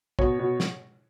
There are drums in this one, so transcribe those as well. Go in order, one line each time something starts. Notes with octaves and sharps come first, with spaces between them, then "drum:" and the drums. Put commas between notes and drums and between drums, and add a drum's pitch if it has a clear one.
B2 C#5, drum: kick
B2
drum: snare